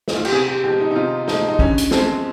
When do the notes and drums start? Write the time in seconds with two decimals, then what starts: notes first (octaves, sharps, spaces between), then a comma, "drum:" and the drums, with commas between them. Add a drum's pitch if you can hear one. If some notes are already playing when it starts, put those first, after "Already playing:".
0.08 D#4, drum: snare
0.16 F4
0.25 G4, drum: cymbal
0.32 C3 G#4
0.48 G4
0.64 F3 G#3 G4
0.80 D#4
0.91 D#4
0.96 C3 F4
1.28 F3 G#3 D#4, drum: snare
1.49 D#4
1.59 G2 C#4, drum: kick
1.78 drum: hi-hat
1.91 F3 G#3 C4, drum: snare